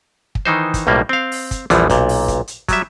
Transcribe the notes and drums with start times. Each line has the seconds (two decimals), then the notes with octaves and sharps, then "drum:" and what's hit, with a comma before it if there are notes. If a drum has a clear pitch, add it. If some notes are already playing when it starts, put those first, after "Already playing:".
0.35 drum: kick
0.45 D#3 E3 D#4 C5
0.74 drum: kick, hi-hat
0.87 B1 A2 G3 A#3
1.09 C4 F5
1.32 drum: open hi-hat
1.51 drum: kick, hi-hat
1.70 A#1 E2 E3 F3 G3, drum: hi-hat
1.90 B1 A#2, drum: kick, hi-hat
2.09 drum: open hi-hat
2.28 drum: kick, hi-hat
2.48 drum: hi-hat
2.69 F#3 G3 E5, drum: kick, hi-hat